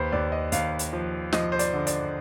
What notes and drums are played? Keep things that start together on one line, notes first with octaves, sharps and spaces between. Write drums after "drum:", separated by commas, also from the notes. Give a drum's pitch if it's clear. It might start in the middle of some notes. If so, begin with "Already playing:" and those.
Already playing: D#2 B4 C5
D#2 D5
D#5
D#2 F5, drum: hi-hat
drum: hi-hat
F3
F3 D#5, drum: snare
C5
D5, drum: hi-hat
D3
D5, drum: hi-hat